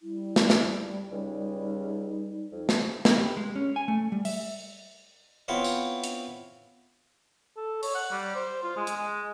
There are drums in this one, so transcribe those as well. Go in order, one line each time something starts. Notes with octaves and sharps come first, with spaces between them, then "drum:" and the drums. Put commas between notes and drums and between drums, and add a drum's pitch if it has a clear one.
G3 E4
drum: snare
drum: snare
C#2 D#4
F2
drum: snare
B3, drum: snare
G4
G#3
C#4
G#5
A3
G3
E5, drum: open hi-hat
B3 C4 E4 F4 C#5
drum: tambourine
drum: hi-hat
A4
C#5, drum: open hi-hat
F#5
G3
C5
F4
G#3
drum: hi-hat
G#3